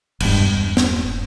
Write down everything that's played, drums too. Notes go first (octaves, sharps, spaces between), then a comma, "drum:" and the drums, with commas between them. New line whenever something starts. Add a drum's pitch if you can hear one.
E1 G2, drum: cymbal
drum: snare